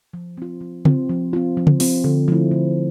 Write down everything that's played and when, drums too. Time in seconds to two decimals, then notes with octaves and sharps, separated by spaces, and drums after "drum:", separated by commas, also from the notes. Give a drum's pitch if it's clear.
0.13 F3
0.37 C4 F4
0.61 F3
0.85 C4 F4, drum: tom C#3
1.09 F3
1.33 C4 F4
1.57 F3
1.67 drum: tom C#3
1.80 C4 F4, drum: open hi-hat
2.04 D3
2.28 F3 A3 E4
2.51 D3